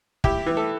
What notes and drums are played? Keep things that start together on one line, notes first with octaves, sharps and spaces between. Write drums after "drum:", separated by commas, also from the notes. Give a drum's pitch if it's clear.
E4 G4, drum: kick
E3
A4